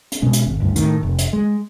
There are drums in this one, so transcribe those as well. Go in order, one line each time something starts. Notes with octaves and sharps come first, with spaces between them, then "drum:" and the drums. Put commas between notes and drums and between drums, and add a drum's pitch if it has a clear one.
drum: hi-hat
B2 G#3 C#4
drum: hi-hat
G#1
G1 D2 G2
A2 D#3, drum: hi-hat
F1
drum: hi-hat
G#3